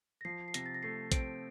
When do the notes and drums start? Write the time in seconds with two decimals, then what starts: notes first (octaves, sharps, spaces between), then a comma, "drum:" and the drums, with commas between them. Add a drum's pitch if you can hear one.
0.21 A#6
0.25 F3 C7
0.48 C7
0.54 C3 A#6, drum: hi-hat
0.66 A6
0.74 A#6
0.83 A3 C7
1.12 C4 D7, drum: kick A#1, hi-hat